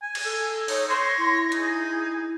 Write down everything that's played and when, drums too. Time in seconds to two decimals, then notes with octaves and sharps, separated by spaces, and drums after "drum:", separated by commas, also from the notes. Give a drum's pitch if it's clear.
0.02 G#5
0.15 drum: cymbal
0.25 A4 E6
0.68 D#4 C#5, drum: open hi-hat
0.89 C#5 C6 A#6
1.18 E4
1.52 D#4 G#4, drum: hi-hat